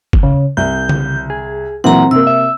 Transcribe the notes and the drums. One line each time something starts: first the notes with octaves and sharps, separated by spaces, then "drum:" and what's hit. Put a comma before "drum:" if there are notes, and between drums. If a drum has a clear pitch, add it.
drum: kick
C#3
C2 G6
drum: tom C#3
G#4
A#2 E3 F#3 C4 F#5 A#5
C3 A#3 E6
E5